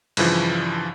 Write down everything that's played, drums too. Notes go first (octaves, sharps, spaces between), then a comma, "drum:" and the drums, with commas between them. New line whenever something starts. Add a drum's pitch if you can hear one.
G2 C#3 E3 F3, drum: cymbal